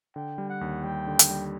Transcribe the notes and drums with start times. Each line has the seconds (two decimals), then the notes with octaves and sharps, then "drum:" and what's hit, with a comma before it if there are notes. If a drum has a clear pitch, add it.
0.15 D3 G5
0.38 G3
0.49 F#5
0.61 D#2
0.84 G3 G5
1.07 D3
1.19 drum: hi-hat
1.30 G3